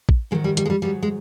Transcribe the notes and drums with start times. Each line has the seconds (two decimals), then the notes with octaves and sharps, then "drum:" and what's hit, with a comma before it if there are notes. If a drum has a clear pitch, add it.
0.09 drum: kick
0.31 G#2 D#3 F#3 G#3
0.44 G3
0.57 G3, drum: hi-hat
0.66 G#3
0.70 G3
0.82 G#2 D#3 F#3 G3
1.03 G#3